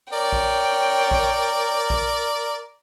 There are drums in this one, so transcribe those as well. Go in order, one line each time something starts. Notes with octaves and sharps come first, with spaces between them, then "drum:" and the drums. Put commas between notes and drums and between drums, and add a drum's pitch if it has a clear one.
A#4 C#5 D5 G5
drum: kick A#1
drum: kick A#1
drum: kick A#1